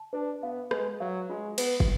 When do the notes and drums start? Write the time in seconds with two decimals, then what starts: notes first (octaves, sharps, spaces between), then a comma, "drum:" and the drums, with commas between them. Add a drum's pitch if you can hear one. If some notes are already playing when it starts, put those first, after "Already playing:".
Already playing: A5
0.13 D4 B4
0.42 B3 F5
0.71 G#3 B4, drum: rim click
1.00 F#3 F5
1.30 G#3 F4
1.58 B3 B4, drum: cymbal
1.80 drum: kick